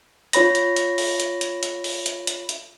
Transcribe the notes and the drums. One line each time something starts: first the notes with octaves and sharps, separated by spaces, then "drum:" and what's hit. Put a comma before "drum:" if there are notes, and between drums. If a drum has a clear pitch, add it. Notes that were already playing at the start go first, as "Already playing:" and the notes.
F4 C#5 B5 A#6, drum: hi-hat
drum: hi-hat
drum: hi-hat
drum: open hi-hat
drum: hi-hat
drum: hi-hat
drum: hi-hat
drum: open hi-hat
drum: hi-hat
drum: hi-hat
drum: hi-hat